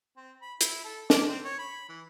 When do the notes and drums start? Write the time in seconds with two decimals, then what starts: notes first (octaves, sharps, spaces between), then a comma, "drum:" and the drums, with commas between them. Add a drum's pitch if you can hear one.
0.16 C4
0.42 B5
0.61 E4, drum: hi-hat
0.85 A4
1.10 D5, drum: snare
1.28 C4
1.45 C#5
1.59 B5
1.89 E3